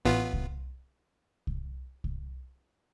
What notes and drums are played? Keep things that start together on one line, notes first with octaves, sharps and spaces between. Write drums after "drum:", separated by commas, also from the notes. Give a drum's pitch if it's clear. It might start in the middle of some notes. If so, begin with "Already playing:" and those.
A1 B3 F4
drum: kick C2
drum: kick C2
drum: kick C2